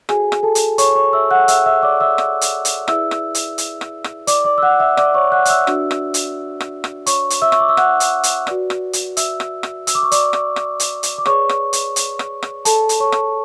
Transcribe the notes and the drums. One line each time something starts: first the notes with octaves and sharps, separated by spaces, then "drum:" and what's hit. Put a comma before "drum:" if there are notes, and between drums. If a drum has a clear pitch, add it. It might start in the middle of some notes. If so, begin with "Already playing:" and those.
F#4 G#4 A4 C#5 G#5, drum: rim click
drum: rim click
A4 A5
drum: hi-hat
C#5 C#6, drum: hi-hat
C#5 C#6
E5 E6
F#5 F#6
E5 E6, drum: hi-hat
E5 E6
D5 D6
E5 E6
drum: rim click
drum: hi-hat
drum: hi-hat
E4 G#4 B4 D5 E5 E6, drum: rim click
drum: rim click
drum: hi-hat
drum: hi-hat
drum: rim click
drum: rim click
D5 D6, drum: hi-hat
D5 D6
E6
F#5 F#6
E5 E6
D5 D6, drum: rim click
C#5 C#6
F#5 F#6
F#6, drum: hi-hat
E5 E6
D4 F#4 B4 D5, drum: rim click
drum: rim click
drum: hi-hat
drum: rim click
drum: rim click
C#5 C#6, drum: hi-hat
drum: hi-hat
E5 E6
C#6, drum: rim click
D6
E6
F#5 F#6, drum: rim click
drum: hi-hat
drum: hi-hat
F#4 B4 D5, drum: rim click
drum: rim click
drum: hi-hat
E5 E6, drum: hi-hat
drum: rim click
drum: rim click
E6, drum: hi-hat
D6
C#6
D5 D6, drum: hi-hat
drum: rim click
drum: rim click
drum: hi-hat
drum: hi-hat
D6
G#4 B4 C#5 D5 C#6, drum: rim click
drum: rim click
drum: hi-hat
drum: hi-hat
drum: rim click
drum: rim click
A4 A5, drum: hi-hat
drum: hi-hat
C#5 C#6
drum: rim click